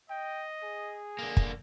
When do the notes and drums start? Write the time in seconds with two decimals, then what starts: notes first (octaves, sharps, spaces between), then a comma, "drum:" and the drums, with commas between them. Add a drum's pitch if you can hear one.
0.10 D#5 G5
0.63 G#4
1.19 D3 A#3
1.37 drum: kick